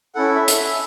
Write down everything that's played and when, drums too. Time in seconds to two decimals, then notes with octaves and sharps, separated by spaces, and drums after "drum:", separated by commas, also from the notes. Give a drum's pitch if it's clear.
0.15 C#4 E4 A4 F#5
0.35 E5
0.48 drum: hi-hat
0.58 E5